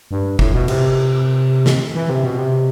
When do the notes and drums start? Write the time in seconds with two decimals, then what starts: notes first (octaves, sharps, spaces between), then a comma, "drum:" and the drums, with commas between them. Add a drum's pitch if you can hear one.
0.11 G2
0.39 A2, drum: kick F#1
0.54 B2
0.68 C3, drum: cymbal
1.66 drum: snare
1.95 E3
2.09 C3
2.23 B2
2.38 C3